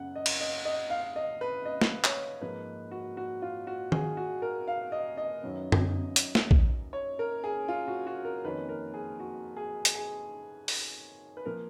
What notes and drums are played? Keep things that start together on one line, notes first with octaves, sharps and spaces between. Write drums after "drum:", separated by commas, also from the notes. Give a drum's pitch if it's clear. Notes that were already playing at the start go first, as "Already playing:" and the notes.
Already playing: F#2 C#3 G#3 B3 F#5
D#5
drum: cymbal
D#5
D#5
F5
D#5
B4
D#5
drum: snare
C#5, drum: clap
G#2 F3 A#3 B4
F#4
F#4
F4
F#4
G#4, drum: tom D#3
F#4
A#4
F5
D#5
D#5
F#2 D#3 F#3 B3
drum: tom F#2
drum: hi-hat
drum: snare
drum: kick
C#5
A#4
G#4
F4
F#4
F#4
A#4
F2 D#3 A#3 C#4 B4
A#4
G#4
F#4
G#4
drum: hi-hat
G#4
drum: open hi-hat
B4
F3 A#3 A#4